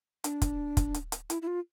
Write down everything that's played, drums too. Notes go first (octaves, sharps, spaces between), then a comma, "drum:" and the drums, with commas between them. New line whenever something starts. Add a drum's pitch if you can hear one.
D4, drum: hi-hat
drum: kick, hi-hat
drum: kick, hi-hat
drum: hi-hat
drum: hi-hat
E4, drum: hi-hat
E4
F4